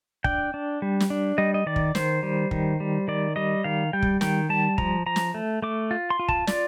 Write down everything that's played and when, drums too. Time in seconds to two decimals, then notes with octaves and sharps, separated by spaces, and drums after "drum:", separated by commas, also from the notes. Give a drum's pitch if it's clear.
0.24 D4 G5, drum: kick
0.54 D4
0.82 G3
1.00 drum: snare
1.10 D4
1.38 G3 D#5
1.54 D#5
1.66 D#3 D5
1.76 drum: kick
1.95 D#3 C5, drum: snare
2.23 G3
2.51 D#3, drum: kick
2.80 G3
3.08 D#3 D5
3.36 G3 D#5
3.64 D#3 F5
3.93 G3 G5
4.03 drum: kick
4.21 D#3 G5, drum: snare
4.49 G3 A5
4.78 F3 A#5, drum: kick
5.06 F3 A#5
5.16 drum: snare
5.34 A3
5.62 A3 D6
5.91 F4
6.10 C6
6.20 F4
6.29 A5, drum: kick
6.47 F4 D5, drum: snare